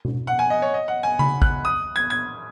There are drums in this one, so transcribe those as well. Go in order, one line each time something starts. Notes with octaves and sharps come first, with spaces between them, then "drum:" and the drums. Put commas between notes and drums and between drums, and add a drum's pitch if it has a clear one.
drum: tom B2
F#5
G#5
D#5
C#5
D#5
F#5
G#5
B5, drum: tom C#3
F#6, drum: kick
D#6
G#6
G#6